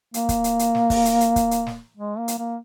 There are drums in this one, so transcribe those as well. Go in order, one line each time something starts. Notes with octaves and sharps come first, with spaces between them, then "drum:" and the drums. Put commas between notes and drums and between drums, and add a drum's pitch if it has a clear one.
A#3, drum: hi-hat
drum: kick, hi-hat
drum: hi-hat
drum: hi-hat
drum: snare
drum: kick, open hi-hat
drum: hi-hat
drum: hi-hat
drum: kick, hi-hat
drum: hi-hat
drum: snare
G#3
A#3
drum: hi-hat
A#3